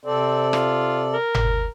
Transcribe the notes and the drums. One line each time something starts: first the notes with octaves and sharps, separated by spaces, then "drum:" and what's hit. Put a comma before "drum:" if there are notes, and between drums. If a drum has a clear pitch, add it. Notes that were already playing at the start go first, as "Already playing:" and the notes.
C3 C4 A4 D5
F4, drum: rim click
A#4
drum: tom G1